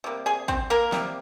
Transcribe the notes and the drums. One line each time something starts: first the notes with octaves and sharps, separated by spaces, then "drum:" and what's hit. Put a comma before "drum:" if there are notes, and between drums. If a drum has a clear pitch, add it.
C3 G3 A#3
G#4 G#5
C4 C5, drum: kick
A#3 A#4
C3 G3 A#3, drum: snare